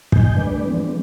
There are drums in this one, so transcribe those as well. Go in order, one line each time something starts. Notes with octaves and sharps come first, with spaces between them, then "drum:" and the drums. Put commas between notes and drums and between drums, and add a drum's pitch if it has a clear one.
C3 D#5 G#5 G6, drum: kick
G3 A3 D4 B4 D5
E3 F3 G#3 B3 C4 D4